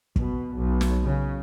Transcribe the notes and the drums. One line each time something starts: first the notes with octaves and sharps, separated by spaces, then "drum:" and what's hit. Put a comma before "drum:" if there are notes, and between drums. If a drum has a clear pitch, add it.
B2, drum: kick
B1
drum: snare
C#3